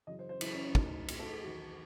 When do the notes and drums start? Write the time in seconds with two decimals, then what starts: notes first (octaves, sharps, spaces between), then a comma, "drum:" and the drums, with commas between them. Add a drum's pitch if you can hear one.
0.07 F#2 C#3 E3 D#5
0.19 C5
0.29 C5
0.41 F#2 C#3 E3 E4, drum: cymbal
0.53 C#4
0.64 C#4
0.75 A2 F#3 D#4, drum: kick
1.08 A2 F#3, drum: cymbal
1.19 A4
1.31 G#4
1.43 E2 D#3 F#3 F#4